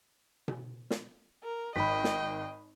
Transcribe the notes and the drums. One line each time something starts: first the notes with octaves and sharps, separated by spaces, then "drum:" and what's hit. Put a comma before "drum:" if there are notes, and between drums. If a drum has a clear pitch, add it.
drum: tom B2
drum: snare
A#4
G#1 D#5 G5 B5 B6
drum: snare